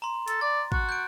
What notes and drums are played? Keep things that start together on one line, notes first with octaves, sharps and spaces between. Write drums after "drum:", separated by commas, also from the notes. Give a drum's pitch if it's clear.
A#5 C6
A4, drum: hi-hat
D5 A6
F#4, drum: kick
G6 D7